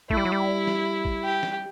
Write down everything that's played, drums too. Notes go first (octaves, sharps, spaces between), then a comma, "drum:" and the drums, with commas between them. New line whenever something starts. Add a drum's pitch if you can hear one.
A3 E4, drum: kick
G3
F#3
G3
drum: snare
drum: kick
G4
drum: snare